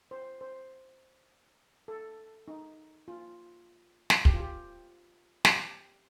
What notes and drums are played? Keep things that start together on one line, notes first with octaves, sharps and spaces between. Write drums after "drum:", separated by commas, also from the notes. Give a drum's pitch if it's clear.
C5
C5
A4
D#4
F4
drum: snare
G4, drum: kick
F4
G4
G4, drum: snare